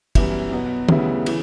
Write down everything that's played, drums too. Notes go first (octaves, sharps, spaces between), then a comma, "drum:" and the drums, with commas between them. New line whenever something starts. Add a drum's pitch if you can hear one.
F#2 E3 G3 B3 E4, drum: kick, cymbal
B2 F#3 B3
D2 C#3 G3 B3 E4, drum: tom D#3
C#3 E3, drum: cymbal